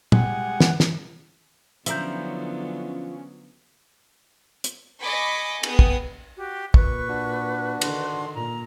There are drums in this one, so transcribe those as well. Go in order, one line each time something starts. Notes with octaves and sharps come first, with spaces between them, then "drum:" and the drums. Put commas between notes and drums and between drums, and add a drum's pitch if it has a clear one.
G3 G#3 F#5 G#5, drum: tom
drum: snare
drum: snare
D3 F3 F#3 B3 C#4 E4 A#5 G6, drum: hi-hat
drum: hi-hat
D#5 G#5 B5 C#6 D6
B3 G#4 G5 D#6, drum: cymbal
drum: kick
F#4 G4
A#2 B4 C#6, drum: kick
D4 F#4
D3 D#3 C6, drum: cymbal
A#2 A#5